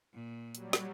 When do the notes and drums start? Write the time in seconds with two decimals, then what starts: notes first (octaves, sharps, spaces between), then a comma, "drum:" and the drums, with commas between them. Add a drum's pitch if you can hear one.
0.14 A#2
0.55 F#3 G3, drum: hi-hat
0.73 drum: snare